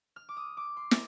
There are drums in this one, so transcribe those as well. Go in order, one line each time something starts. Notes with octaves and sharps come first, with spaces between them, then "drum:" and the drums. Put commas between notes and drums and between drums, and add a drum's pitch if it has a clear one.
F6
D6
D#6
D6
C6
A#5, drum: snare